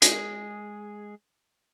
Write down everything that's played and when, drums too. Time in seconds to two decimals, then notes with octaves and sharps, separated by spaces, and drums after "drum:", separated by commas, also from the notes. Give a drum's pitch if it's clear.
0.02 G#3 G#4, drum: hi-hat